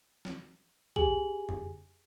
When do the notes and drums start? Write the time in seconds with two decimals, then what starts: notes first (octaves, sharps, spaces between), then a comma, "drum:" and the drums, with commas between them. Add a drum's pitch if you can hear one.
0.25 drum: snare
0.96 G4 G#4 G#5 F#7, drum: kick A#1
1.49 drum: tom F2